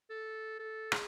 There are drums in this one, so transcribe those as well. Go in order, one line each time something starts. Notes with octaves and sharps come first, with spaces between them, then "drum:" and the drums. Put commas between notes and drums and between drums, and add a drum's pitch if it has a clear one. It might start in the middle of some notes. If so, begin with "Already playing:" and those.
A4
A4
G#4, drum: rim click